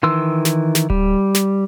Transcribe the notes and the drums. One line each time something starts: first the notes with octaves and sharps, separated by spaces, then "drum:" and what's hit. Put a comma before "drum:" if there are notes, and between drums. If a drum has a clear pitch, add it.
D#3 E3 C6 E6
drum: snare
drum: snare
G3, drum: kick D1
drum: snare